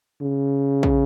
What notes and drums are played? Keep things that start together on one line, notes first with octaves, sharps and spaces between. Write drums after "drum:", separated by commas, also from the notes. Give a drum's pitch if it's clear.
C#3
drum: kick